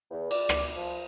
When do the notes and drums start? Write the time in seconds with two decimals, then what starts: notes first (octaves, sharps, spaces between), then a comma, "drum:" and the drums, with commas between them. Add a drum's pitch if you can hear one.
0.11 E2
0.31 D5, drum: cymbal
0.49 drum: rim click
0.76 F3